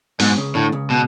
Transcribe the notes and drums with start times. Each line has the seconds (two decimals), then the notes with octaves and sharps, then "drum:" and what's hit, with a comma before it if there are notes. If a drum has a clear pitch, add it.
0.20 B1 G#2 B2, drum: open hi-hat
0.37 C#2 C#3
0.55 D2 A2 D3
0.72 C#2 C#3
0.90 B2